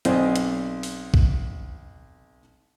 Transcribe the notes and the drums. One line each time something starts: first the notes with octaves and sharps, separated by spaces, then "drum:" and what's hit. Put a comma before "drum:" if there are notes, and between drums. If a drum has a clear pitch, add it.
B1 C4 C5 D5 D#5 G#5, drum: hi-hat
drum: hi-hat
drum: open hi-hat
drum: kick